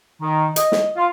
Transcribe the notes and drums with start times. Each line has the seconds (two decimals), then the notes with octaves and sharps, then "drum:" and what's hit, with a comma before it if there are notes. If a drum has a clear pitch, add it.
0.22 D#3
0.56 D#5, drum: hi-hat
0.72 drum: snare
0.96 F4